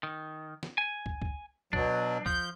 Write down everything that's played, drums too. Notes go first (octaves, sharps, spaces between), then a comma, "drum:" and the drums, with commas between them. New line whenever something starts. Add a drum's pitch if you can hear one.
D#3
drum: snare
G#5
drum: kick
drum: kick
B2 F#3 D4, drum: kick
F3 G6, drum: kick